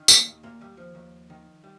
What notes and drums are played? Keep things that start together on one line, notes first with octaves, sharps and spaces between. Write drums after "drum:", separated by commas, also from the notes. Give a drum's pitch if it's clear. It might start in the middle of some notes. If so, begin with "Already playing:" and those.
Already playing: D#3
A#2 A#3, drum: tambourine
D#2
A#2 A#3
D#2 G3
F3
D#2
D#3
G3